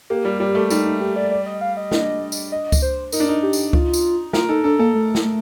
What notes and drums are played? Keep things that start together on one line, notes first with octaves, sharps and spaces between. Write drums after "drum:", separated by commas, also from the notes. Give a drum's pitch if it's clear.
A#3 G4
G3
G3 G4
A3
G3 D#4, drum: tambourine
D#4
G4
D5
D5
D#5
F5
D#5
D4, drum: snare
drum: tambourine
D#5
drum: kick C#2, tambourine
C5
D#4 A#4, drum: tambourine
D4
D#4
G4
drum: tambourine
F4, drum: kick C#2
drum: tambourine
F4 A#4, drum: snare
D#4 A4
D4 A4
A#3 A4
A3
drum: snare
A3